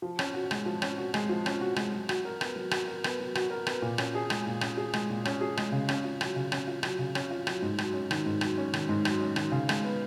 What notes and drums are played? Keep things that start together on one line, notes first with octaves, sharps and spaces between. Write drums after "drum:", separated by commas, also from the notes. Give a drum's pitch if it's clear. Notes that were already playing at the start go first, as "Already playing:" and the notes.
F3
C#4, drum: rim click
F#4
G#3, drum: rim click
F3
C#4, drum: rim click
F#4
G#3, drum: rim click
F3
C#4, drum: rim click
F#4
G#3, drum: rim click
F#3
F#4, drum: rim click
A#4
B3, drum: rim click
F#3
F#4, drum: rim click
A#4
B3, drum: rim click
F#3
F#4, drum: rim click
A#4
B3, drum: rim click
A#2
C#4, drum: rim click
G#4
G#3, drum: rim click
A#2
C#4, drum: rim click
G#4
G#3, drum: rim click
A#2
C#4, drum: rim click
G#4
G#3, drum: rim click
C#3
C#4, drum: rim click
F4
F#3, drum: rim click
C#3
C#4, drum: rim click
F4
F#3, drum: rim click
C#3
C#4, drum: rim click
F4
F#3, drum: rim click
G#2
F#3, drum: rim click
C#4
D#3, drum: rim click
G#2
F#3, drum: rim click
C#4
D#3, drum: rim click
G#2
F#3, drum: rim click
C#4
D#3, drum: rim click
C#3
G#3, drum: rim click
B3